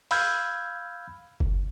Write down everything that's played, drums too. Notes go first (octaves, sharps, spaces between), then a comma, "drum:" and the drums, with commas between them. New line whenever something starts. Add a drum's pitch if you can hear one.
F5 B5 E6 F6 G6 G#6, drum: open hi-hat
drum: kick F#1